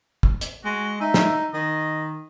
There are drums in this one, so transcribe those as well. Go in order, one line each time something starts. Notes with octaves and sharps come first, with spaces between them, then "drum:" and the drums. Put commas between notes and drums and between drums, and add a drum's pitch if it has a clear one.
drum: kick
drum: hi-hat
G#3 F#4
D#4 E5
drum: snare
D#3 D#5